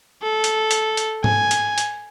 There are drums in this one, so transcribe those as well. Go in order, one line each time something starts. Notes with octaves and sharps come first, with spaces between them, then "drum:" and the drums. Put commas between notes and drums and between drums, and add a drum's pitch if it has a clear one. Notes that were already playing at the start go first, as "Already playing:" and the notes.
A4
drum: hi-hat
drum: hi-hat
drum: hi-hat
G#5, drum: tom G#2
drum: hi-hat
drum: hi-hat